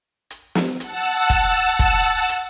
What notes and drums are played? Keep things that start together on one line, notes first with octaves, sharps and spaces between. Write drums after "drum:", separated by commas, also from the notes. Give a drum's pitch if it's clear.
drum: hi-hat
drum: snare
F#5 A5 E6, drum: hi-hat
drum: kick, hi-hat
drum: kick, hi-hat
drum: hi-hat